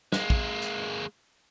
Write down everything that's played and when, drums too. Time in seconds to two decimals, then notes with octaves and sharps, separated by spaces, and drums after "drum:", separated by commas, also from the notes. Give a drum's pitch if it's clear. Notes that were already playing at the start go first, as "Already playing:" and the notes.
0.12 G#3 A#3, drum: snare
0.30 drum: kick
0.62 drum: hi-hat